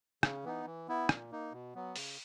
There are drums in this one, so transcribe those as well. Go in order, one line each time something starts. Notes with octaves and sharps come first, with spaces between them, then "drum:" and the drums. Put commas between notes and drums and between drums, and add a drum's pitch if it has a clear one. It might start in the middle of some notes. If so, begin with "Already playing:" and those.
C#3, drum: rim click
E3 B3 D#4
E3
B3 E4
A#2, drum: rim click
A#3 D#4
B2
F#3 B3
C#3, drum: open hi-hat